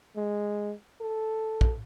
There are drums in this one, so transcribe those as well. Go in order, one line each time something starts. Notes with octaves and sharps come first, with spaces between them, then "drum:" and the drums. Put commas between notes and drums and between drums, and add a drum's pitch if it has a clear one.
G#3
A4
drum: kick